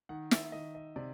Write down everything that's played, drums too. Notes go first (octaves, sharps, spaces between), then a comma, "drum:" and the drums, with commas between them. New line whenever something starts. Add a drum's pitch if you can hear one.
D#3 F#5
E5, drum: snare
D#3 D#5
D#5
C3 D5